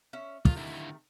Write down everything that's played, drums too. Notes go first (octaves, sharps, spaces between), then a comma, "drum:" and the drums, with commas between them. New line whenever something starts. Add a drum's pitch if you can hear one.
C#4 E5
C3 D#3 A3 F4, drum: kick
D3 E4